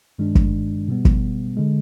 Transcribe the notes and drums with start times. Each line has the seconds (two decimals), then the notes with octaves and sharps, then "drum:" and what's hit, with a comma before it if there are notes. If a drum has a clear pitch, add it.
0.19 G2 D#3 G#3 D4
0.35 drum: kick
0.88 B2 G3 B3
1.05 drum: kick
1.57 D3 G#3